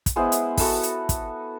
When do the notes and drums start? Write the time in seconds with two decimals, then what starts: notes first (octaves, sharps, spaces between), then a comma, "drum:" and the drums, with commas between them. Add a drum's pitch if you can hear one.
0.06 drum: kick, hi-hat
0.16 G#3 B3 E4 C5
0.32 drum: hi-hat
0.58 F#4 A4 B4, drum: kick, open hi-hat
0.83 drum: hi-hat
1.09 drum: kick, hi-hat